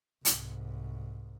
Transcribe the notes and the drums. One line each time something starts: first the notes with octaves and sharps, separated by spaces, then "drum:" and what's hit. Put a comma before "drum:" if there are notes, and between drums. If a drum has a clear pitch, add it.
C2 G#2, drum: hi-hat